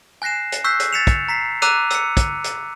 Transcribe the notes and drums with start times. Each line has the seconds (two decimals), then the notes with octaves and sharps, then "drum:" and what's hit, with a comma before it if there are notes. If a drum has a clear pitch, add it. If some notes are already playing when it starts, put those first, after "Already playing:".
0.22 G#5 F#6 A#6 C7 E7
0.52 drum: hi-hat
0.64 C#6 E6 F#6 G6 B6 C7
0.80 drum: hi-hat
0.93 A6 B6 C#7 E7 F7
1.07 drum: kick, hi-hat
1.28 A#5 B6 C7
1.62 A#5 D6 E6 F#6 D#7 F7, drum: hi-hat
1.91 E6 C#7, drum: hi-hat
2.17 drum: kick, hi-hat
2.44 drum: hi-hat